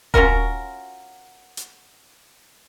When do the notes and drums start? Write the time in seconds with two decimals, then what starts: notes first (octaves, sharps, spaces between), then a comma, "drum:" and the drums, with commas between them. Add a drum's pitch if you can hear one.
0.14 C#4 F4 F#4 A#4, drum: kick D#1
1.57 drum: hi-hat